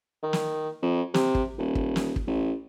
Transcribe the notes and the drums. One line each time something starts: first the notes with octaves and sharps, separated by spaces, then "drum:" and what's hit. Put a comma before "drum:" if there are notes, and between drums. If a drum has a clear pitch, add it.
D#3
drum: snare
F2
C3, drum: snare
drum: kick
D#1
drum: kick
drum: snare
drum: kick
A1